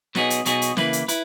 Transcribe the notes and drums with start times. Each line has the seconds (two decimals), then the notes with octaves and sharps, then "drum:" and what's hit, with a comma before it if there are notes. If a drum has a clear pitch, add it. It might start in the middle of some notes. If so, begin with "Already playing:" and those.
0.15 B2 F#3 B3 D#4 G#4, drum: snare
0.30 drum: hi-hat
0.45 B2 F#3 B3 D#4 G#4, drum: hi-hat
0.62 drum: hi-hat
0.77 C#3 E3 A#3 E4 B4, drum: snare
0.93 drum: hi-hat
1.08 E4 B4, drum: hi-hat